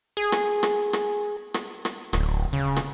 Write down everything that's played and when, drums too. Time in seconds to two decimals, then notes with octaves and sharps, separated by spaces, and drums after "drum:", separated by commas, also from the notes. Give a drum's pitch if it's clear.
0.17 G#4
0.32 drum: rim click
0.63 drum: rim click
0.93 drum: rim click
1.54 drum: rim click
1.85 drum: rim click
2.13 D1, drum: rim click
2.53 C#3
2.76 drum: rim click